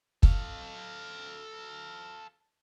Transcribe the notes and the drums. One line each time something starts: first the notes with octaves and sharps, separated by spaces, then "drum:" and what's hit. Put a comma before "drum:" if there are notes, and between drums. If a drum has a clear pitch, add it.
A4 F5, drum: kick